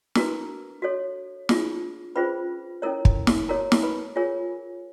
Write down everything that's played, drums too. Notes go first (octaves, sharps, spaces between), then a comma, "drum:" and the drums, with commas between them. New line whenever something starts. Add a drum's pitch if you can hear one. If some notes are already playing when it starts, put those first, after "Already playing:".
D4 F#4 A#4 B4 A#5, drum: snare
F#4 A4 C#5
D4 F4 G#4, drum: snare
C#4 F4 G#4 B4 C5 B5
C#4 E4 A4 A#4 C#5 A#5
drum: kick
drum: snare
F#4 A4 A#4 C#5 A#5
drum: snare
B4 B5
F4 G#4 A#4 C#5 G#5